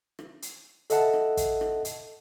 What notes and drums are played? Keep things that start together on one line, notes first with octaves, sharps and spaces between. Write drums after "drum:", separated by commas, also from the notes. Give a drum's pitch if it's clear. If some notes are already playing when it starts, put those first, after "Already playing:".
drum: rim click
drum: hi-hat
A4 D#5 E5 F#5 A5, drum: hi-hat
drum: rim click
drum: kick, hi-hat
drum: rim click
drum: hi-hat